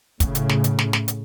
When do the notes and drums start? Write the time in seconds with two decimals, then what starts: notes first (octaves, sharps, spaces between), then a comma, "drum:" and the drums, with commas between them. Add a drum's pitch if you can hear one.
0.20 A2 C#3, drum: kick, hi-hat
0.35 drum: hi-hat
0.49 drum: snare
0.64 drum: hi-hat
0.79 drum: snare
0.93 drum: snare
1.08 drum: hi-hat